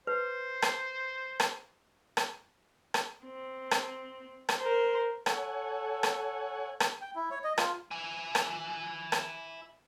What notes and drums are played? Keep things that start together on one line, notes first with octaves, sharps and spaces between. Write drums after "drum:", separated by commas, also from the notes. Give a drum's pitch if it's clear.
B4 C5
drum: rim click
drum: rim click
drum: rim click
drum: rim click
C4
drum: rim click
drum: rim click
A#4 C5
A4 C#5 F#5 G#5, drum: rim click
drum: rim click
drum: rim click
G5
E4
C#5
D#5
F4, drum: rim click
E4 G#5
drum: rim click
drum: rim click